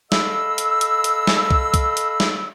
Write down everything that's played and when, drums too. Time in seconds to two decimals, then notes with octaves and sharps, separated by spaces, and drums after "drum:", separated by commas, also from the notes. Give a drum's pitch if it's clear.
0.12 A4 D#5 F5 B5 E6, drum: snare
0.58 drum: hi-hat
0.81 drum: hi-hat
1.04 drum: hi-hat
1.27 drum: snare
1.51 drum: kick C2
1.74 drum: kick C2, hi-hat
1.97 drum: hi-hat
2.20 drum: snare